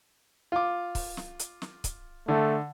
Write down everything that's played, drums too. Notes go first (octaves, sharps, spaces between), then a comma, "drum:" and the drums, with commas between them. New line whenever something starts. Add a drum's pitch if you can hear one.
F4 D6
drum: kick, open hi-hat
drum: snare
drum: hi-hat
drum: snare
drum: kick, hi-hat
D3 A3